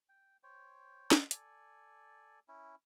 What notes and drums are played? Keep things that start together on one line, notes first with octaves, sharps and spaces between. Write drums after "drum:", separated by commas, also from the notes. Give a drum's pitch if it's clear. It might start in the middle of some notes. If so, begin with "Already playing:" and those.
G5
C5 C#5 G5
drum: snare
A4 D5 G#5, drum: hi-hat
C#4 E4